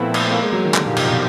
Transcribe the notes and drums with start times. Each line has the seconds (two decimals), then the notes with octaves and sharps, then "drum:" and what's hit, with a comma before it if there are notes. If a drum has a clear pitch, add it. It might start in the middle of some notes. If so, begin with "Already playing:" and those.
Already playing: A#2 F3 A3 B3 C4 E4
0.14 drum: cymbal
0.31 A#3
0.42 G#3
0.52 F#3
0.64 D#3
0.74 D3 F3 A#3 D#4 G4, drum: clap
0.86 A#2
0.97 B2, drum: cymbal
1.07 B2